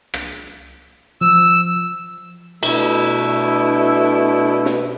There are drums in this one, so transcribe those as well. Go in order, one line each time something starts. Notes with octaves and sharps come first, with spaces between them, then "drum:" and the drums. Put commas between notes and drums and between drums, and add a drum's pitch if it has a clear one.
drum: rim click
F3 E6
B2 A3 D4 E4, drum: cymbal
drum: snare